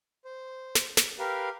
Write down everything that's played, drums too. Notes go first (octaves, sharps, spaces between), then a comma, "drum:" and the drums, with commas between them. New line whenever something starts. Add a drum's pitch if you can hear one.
C5
drum: snare
drum: snare
G4 A#4 B4 F5